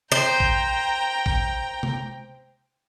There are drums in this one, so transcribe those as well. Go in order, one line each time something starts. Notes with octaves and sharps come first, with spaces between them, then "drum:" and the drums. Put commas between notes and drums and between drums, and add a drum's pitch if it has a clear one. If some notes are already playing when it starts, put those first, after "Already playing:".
C5 G5 A#5
drum: kick
drum: kick
drum: tom C3